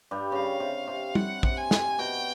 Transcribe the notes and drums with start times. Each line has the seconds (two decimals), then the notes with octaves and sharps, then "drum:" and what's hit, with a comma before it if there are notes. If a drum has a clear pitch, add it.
0.11 G2 G3
0.32 C#3 F5
0.60 C3
0.88 C3
1.15 C3 F#5, drum: tom G3
1.43 C3, drum: kick
1.57 G#5
1.71 drum: snare
1.99 B2 G5